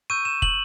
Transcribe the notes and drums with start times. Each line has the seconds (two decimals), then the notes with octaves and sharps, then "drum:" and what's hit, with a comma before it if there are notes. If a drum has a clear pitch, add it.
0.10 C#6 E6 G6 D#7
0.25 E7
0.42 F#7, drum: kick